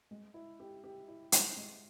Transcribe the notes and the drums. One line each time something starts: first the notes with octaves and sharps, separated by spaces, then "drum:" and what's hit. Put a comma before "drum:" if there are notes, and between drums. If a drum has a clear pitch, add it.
G#3
E4
G4
G4
E4
G#3, drum: hi-hat
G#3